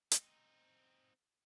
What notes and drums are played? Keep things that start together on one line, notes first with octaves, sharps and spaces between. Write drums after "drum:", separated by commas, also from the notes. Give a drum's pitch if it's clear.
C4 D#4, drum: hi-hat